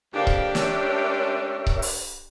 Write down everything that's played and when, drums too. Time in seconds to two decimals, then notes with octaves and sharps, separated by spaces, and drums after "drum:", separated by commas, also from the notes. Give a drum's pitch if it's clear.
0.13 F2 C#3 A#3 D4 G4
0.27 drum: kick C#1
0.55 G#3 A3 C#4 A#4 C#5 E5, drum: snare
1.67 drum: kick C#1
1.82 drum: open hi-hat